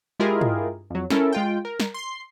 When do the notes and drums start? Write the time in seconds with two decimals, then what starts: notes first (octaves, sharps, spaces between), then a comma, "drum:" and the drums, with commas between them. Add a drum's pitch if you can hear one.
0.20 G#3 E4 F4 G4 G#4 A#4
0.41 drum: tom
0.90 F2 F#3
1.10 C#4 E4 A4 A#4, drum: snare
1.32 G#3 F4 G5
1.65 A#4
1.80 drum: snare
1.94 C6 C7